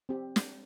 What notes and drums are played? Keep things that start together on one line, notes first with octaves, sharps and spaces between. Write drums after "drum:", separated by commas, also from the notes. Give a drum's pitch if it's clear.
C4 G4
drum: snare